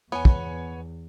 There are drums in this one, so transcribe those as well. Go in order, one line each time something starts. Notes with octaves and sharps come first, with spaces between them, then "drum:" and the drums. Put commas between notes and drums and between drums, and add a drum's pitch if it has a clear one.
E2 B3 C#5 G#5
drum: kick